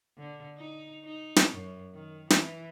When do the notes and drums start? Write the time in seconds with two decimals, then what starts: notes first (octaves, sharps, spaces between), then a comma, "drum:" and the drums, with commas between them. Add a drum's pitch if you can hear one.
0.17 D3
0.57 D#4
1.05 D#4
1.36 drum: snare
1.53 F#2
1.94 D#3
2.30 E3, drum: snare